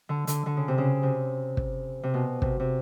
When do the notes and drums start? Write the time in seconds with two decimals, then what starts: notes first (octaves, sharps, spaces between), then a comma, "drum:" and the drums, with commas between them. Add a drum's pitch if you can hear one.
0.09 D3
0.27 D3, drum: hi-hat
0.46 D3
0.57 C#3
0.68 C3
0.78 C#3
1.03 C3
1.57 drum: kick
2.03 C3
2.14 B2
2.42 C3, drum: kick
2.60 C3